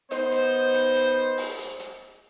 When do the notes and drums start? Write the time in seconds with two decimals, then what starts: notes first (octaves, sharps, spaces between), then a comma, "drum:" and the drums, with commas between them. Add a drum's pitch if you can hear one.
0.11 B3 D#4 C5, drum: hi-hat
0.32 drum: hi-hat
0.74 drum: hi-hat
0.95 drum: hi-hat
1.37 drum: open hi-hat
1.58 drum: hi-hat
1.80 drum: hi-hat